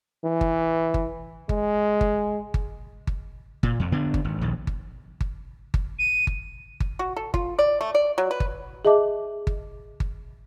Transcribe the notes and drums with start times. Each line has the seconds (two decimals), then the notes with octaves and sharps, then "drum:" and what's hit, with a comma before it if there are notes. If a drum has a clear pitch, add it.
0.24 E3
0.41 drum: kick G1
0.94 drum: kick G1
1.49 G#3, drum: kick G1
2.01 drum: kick G1
2.54 drum: kick G1
3.07 drum: kick G1
3.63 A#2, drum: kick G1
3.80 F2
3.92 D3 B3 D4
4.14 drum: kick G1
4.24 G#1
4.41 A#1 D#2
4.67 drum: kick G1
5.21 drum: kick G1
5.74 drum: kick G1
5.99 D#7
6.27 drum: kick G1
6.80 drum: kick G1
6.99 F#4
7.16 A4
7.34 F4, drum: kick G1
7.59 D5
7.81 A3
7.94 D5
8.18 F#3
8.31 B4
8.40 drum: kick G1
8.85 G#4 D#5 E5 A5 D6
9.47 drum: kick G1
10.00 drum: kick G1